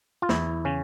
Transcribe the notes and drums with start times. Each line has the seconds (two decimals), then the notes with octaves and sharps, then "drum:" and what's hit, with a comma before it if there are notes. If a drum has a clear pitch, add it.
0.22 F4
0.29 E2 E4, drum: snare
0.65 C#3 C#4